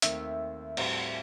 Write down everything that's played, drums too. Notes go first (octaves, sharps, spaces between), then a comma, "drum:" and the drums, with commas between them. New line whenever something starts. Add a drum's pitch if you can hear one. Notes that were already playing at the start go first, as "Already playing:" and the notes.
D#2 D#3 A3 C4 E5, drum: hi-hat
A2 G3 C4 F#4 C5, drum: cymbal